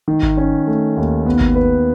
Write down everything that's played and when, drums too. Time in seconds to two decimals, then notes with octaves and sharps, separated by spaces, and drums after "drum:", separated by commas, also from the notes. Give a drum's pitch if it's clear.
0.08 D#3
0.23 drum: kick G#1
0.37 C#4
0.67 A3
0.97 D#2
1.26 B3
1.41 drum: kick G#1
1.56 B4